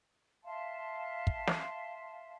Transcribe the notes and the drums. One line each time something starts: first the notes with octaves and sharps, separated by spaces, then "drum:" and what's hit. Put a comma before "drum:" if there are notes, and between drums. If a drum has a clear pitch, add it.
E5 F5 A5 C6
drum: kick
drum: snare